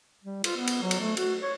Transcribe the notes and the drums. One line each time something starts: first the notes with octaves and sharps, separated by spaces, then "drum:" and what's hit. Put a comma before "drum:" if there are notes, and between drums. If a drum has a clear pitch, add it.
G3
F4, drum: cymbal
B3
drum: cymbal
F#3
drum: cymbal
A3
F#4, drum: cymbal
C#5